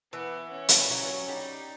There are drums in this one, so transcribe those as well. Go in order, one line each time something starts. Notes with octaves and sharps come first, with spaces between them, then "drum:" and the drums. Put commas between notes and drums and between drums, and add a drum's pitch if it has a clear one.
E3 B3
C#4
drum: hi-hat
G3
F#3 C#4
G3 D#4